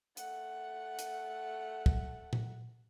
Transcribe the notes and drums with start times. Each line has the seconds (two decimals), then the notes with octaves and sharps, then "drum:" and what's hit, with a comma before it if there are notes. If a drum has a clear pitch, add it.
0.17 A3 F#5, drum: hi-hat
0.99 drum: hi-hat
1.86 drum: kick
2.33 drum: tom A#2